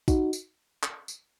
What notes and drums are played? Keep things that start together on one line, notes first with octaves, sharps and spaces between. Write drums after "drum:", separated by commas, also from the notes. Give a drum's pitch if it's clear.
D#4 F#4, drum: kick, tambourine
drum: tambourine
drum: clap
drum: tambourine